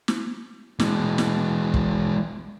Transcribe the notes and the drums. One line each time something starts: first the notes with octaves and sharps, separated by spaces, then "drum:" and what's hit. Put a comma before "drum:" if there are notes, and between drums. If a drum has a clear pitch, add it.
drum: snare
E3 G#3, drum: snare
drum: snare
drum: kick